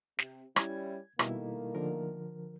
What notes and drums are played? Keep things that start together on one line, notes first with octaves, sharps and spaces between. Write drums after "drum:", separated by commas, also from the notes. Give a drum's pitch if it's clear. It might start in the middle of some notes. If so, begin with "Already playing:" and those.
C3, drum: snare
G3 C#4 E4 G#6, drum: rim click
B2 D#3 G3 A3 A#3 E4, drum: rim click
D3 F3 A#4